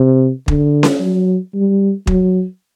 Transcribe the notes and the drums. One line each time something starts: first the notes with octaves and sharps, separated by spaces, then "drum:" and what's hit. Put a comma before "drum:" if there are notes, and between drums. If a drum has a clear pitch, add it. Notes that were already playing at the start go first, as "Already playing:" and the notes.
Already playing: C3
D3, drum: kick
drum: snare C#4
F#3
G3
F#3, drum: kick